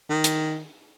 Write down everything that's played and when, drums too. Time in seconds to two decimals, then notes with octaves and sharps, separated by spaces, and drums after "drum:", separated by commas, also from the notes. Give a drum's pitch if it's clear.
0.10 D#3
0.24 drum: hi-hat